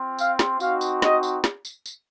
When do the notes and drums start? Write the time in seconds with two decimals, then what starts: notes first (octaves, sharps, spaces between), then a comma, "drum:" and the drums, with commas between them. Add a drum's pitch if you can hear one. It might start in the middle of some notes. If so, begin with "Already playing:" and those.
Already playing: C4 F4
0.19 F5, drum: tambourine
0.39 drum: snare
0.60 C4 D#4 F#4 F5, drum: tambourine
0.81 drum: tambourine
1.02 D#5, drum: snare
1.23 drum: tambourine
1.44 drum: snare
1.65 drum: tambourine
1.86 drum: tambourine